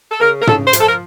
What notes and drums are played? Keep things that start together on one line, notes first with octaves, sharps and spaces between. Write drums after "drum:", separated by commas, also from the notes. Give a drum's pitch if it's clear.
A4
C#3 A#4
A#4
C#3 A4, drum: tom
C5
F3, drum: hi-hat
A4
A#4